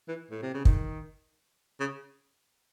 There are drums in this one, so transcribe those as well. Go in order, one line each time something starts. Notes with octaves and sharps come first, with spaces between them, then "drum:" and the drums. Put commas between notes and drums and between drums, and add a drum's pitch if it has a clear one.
E3
A2
C3
C#3
D#3, drum: kick
C#3